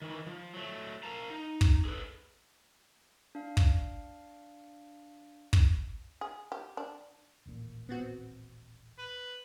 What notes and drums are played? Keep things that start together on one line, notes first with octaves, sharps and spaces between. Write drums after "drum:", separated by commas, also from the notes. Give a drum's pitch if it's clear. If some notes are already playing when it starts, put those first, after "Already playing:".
D#3 E3
F3
F#3 A3
A#4 F5 A5 A#5
D#4
drum: kick
G#4 A4 B4
D4 F5
drum: kick
drum: kick
G#4
G4
D4
D#1 A1 A#2
B3 C4 F#4
B4